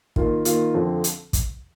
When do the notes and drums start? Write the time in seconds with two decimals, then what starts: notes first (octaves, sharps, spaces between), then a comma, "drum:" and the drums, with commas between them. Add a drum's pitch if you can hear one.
0.16 D#3 A#3 F4, drum: kick
0.45 D#3 A#3 F4, drum: hi-hat
0.74 F2 D3 F3 C4
1.04 drum: hi-hat
1.33 drum: kick, hi-hat